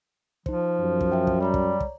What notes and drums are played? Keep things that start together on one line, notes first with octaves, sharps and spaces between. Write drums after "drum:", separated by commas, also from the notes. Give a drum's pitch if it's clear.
F3 D#4 C5, drum: kick
F#2
drum: kick
E5 G5
drum: kick
G3 C#5 D5 A#5
drum: kick
drum: kick